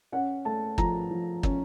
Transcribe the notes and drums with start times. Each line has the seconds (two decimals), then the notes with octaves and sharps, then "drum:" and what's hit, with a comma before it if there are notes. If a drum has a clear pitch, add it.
0.12 C#4 F#5
0.45 A3 A5
0.78 F3 A#5, drum: kick
1.10 F3
1.43 C#4, drum: kick